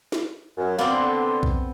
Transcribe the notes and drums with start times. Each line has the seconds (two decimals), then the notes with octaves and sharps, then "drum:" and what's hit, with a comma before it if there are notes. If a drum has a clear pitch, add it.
0.12 drum: snare
0.57 F#2
0.79 B3 C4 D5 F5
0.91 D3 C6
1.43 drum: kick B1